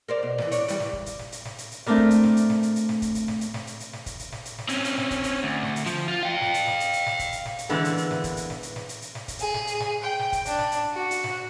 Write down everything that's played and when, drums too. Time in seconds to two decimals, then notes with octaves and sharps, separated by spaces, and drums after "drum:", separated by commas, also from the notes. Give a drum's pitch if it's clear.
0.08 A#4 C5 D5
0.23 B2
0.38 F2 B2 E3, drum: snare
0.52 D4 C#5, drum: hi-hat
0.68 E3 G3, drum: hi-hat
0.80 drum: snare
0.93 drum: kick
1.06 drum: hi-hat
1.19 drum: snare
1.32 drum: hi-hat
1.45 drum: snare
1.58 drum: hi-hat
1.71 drum: hi-hat
1.86 A3 C4 D4 A#4 D5, drum: snare
1.97 drum: kick
2.11 drum: hi-hat
2.24 drum: snare
2.37 drum: hi-hat
2.50 drum: snare
2.63 drum: hi-hat
2.76 drum: hi-hat
2.89 drum: snare
3.02 drum: kick, hi-hat
3.15 drum: hi-hat
3.28 drum: snare
3.41 drum: hi-hat
3.54 drum: snare
3.67 drum: hi-hat
3.80 drum: hi-hat
3.93 drum: snare
4.06 drum: kick, hi-hat
4.19 drum: hi-hat
4.32 drum: snare
4.45 drum: hi-hat
4.58 drum: snare
4.69 C4 C#4, drum: hi-hat
4.84 drum: hi-hat
4.98 drum: snare
5.11 drum: kick, hi-hat
5.24 drum: hi-hat
5.43 D2
5.63 drum: snare
5.76 drum: hi-hat
5.86 F3, drum: hi-hat
6.08 F4
6.23 F5 G5
6.41 drum: snare
6.54 drum: hi-hat
6.67 drum: snare
6.80 drum: hi-hat
6.93 drum: hi-hat
7.06 drum: snare
7.19 drum: kick, hi-hat
7.32 drum: hi-hat
7.45 drum: snare
7.58 drum: hi-hat
7.69 D3 E3 G#3 A#3 B3, drum: snare
7.85 drum: hi-hat
7.98 drum: hi-hat
8.11 drum: snare
8.24 drum: kick, hi-hat
8.37 drum: hi-hat
8.50 drum: snare
8.63 drum: hi-hat
8.76 drum: snare
8.89 drum: hi-hat
9.02 drum: hi-hat
9.15 drum: snare
9.28 drum: kick, hi-hat
9.39 G#4, drum: hi-hat
9.54 drum: snare
9.67 drum: hi-hat
9.80 drum: snare
10.01 G5
10.19 drum: snare
10.32 drum: kick, hi-hat
10.45 D4, drum: hi-hat
10.59 drum: snare
10.72 drum: hi-hat
10.92 F#4
11.11 drum: hi-hat
11.24 drum: snare